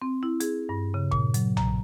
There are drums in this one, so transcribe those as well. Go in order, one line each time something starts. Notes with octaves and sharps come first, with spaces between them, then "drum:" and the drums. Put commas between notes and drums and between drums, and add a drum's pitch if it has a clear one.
C4
E4
G#4, drum: hi-hat
G2
C#3
A#2, drum: kick
F#3, drum: hi-hat
A#5, drum: tom A#1